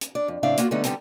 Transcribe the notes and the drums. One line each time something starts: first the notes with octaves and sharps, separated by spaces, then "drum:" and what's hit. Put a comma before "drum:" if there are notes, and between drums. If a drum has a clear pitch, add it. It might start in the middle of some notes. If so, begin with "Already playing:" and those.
drum: hi-hat
D4 D5
F2
A2 C#3 C4 D4 E5 F5
A#3 B3 F4 F#4, drum: hi-hat
D3 G3 A3 B3 D#4
D3 G3 B3 C4 D#4, drum: hi-hat